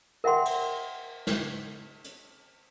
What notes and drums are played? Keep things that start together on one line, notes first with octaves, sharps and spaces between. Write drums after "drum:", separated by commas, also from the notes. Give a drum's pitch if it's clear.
A#4 E5 F#5 G5 C6
drum: cymbal
drum: snare
drum: hi-hat